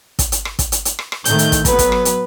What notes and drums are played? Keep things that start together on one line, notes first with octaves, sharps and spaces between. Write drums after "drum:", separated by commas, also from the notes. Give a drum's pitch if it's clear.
drum: kick, hi-hat
drum: hi-hat
drum: rim click
drum: kick, hi-hat
drum: hi-hat
drum: hi-hat
drum: rim click
drum: rim click
A2 D#3 A3 G6, drum: hi-hat
drum: hi-hat
drum: kick, hi-hat
F#3 B3 B4, drum: kick, hi-hat
drum: kick, hi-hat
drum: rim click
drum: hi-hat